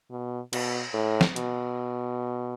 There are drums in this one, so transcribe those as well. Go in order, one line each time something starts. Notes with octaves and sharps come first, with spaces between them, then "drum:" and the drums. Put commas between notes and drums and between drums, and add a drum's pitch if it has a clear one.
B2
B2, drum: cymbal
A2
drum: snare
B2, drum: hi-hat